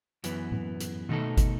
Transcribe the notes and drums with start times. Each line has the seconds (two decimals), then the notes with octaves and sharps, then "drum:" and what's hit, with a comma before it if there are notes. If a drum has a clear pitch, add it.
0.24 F#2 E3 B3, drum: hi-hat
0.52 drum: tom A2
0.80 drum: hi-hat
1.09 B2 A3 D#4 A4, drum: tom D#3
1.37 drum: kick, hi-hat